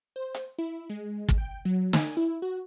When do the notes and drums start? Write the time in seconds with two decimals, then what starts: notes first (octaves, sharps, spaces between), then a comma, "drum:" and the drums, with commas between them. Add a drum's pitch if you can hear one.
0.16 C5
0.34 drum: hi-hat
0.58 E4
0.90 G#3
1.29 drum: kick
1.38 G5
1.65 F#3
1.93 G#5, drum: snare
2.17 E4
2.42 F#4